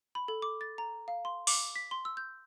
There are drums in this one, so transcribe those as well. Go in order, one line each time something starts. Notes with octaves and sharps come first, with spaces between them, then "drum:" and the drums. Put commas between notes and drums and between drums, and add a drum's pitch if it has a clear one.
B5
A4
D6
A6
A#5
F5
C6
D6, drum: open hi-hat
B6
C6
E6
G6